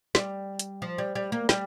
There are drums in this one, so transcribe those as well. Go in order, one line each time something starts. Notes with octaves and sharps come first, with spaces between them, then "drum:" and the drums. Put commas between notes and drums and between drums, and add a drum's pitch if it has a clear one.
G3, drum: snare
drum: hi-hat
F3
G3
G3
A#3
G3, drum: snare